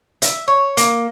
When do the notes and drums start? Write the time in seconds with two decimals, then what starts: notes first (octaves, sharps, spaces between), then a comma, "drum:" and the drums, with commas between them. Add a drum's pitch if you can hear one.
0.22 E5, drum: hi-hat
0.48 C#5
0.77 A#3, drum: hi-hat